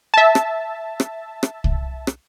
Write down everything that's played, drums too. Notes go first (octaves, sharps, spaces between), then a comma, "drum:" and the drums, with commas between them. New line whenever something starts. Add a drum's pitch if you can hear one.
E5 A5
drum: rim click
drum: rim click
drum: rim click
drum: kick C2
drum: rim click